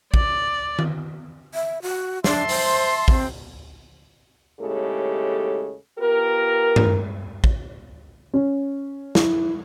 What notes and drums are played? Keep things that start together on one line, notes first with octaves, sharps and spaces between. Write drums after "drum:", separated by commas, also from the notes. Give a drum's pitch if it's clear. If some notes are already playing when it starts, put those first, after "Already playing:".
D5, drum: kick
drum: tom D#3
E5
F#4
D4 E5 A5 C6, drum: snare
C5, drum: open hi-hat
C4, drum: kick
D#2 A2 C#3 G#3 G4 A4
B3 F4 G4 A#4
drum: tom G2
drum: kick
C#4
E4, drum: snare